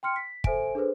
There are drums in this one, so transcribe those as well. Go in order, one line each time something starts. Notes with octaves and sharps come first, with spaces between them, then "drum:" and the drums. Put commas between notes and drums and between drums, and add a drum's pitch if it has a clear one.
G5 C6 F6 C#7
B6
A4 C5 E5 G#5 D7, drum: kick
D4 G#4 A4 B4 C5